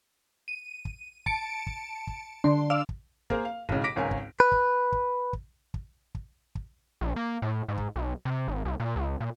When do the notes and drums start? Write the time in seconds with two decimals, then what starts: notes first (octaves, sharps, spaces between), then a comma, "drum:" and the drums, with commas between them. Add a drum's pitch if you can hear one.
0.48 D#7
0.85 drum: kick
1.26 A5 C#7 D7, drum: kick
1.67 drum: kick
2.07 drum: kick
2.44 D3 D4 C6
2.70 D5 F5 E6
2.89 drum: kick
3.30 A#3 G#4 A#4 C5, drum: kick
3.45 F5
3.69 B1 A2 C#3, drum: kick
3.84 D6 A#6 B6 D7
3.96 G#1 C#2 C#4 A#4 G#5
4.11 drum: kick
4.40 B4
4.52 drum: kick
4.92 drum: kick
5.33 drum: kick
5.74 drum: kick
6.15 drum: kick
6.55 drum: kick
7.01 A#1
7.16 A#3
7.42 A2
7.68 G#2
7.77 drum: kick
7.96 B1
8.25 C3
8.48 G#1
8.65 C2
8.80 A#2
8.96 C#2
9.20 A#2